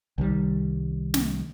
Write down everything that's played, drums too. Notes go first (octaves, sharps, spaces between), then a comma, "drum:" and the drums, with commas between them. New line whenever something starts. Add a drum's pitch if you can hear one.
C2 D#3 G3
drum: snare